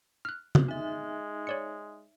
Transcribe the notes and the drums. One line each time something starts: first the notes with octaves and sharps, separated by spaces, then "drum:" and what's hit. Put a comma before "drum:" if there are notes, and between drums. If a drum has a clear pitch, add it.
F6 F#6
drum: tom C#3
G#3 D#4 E5
C#5 D5 C#7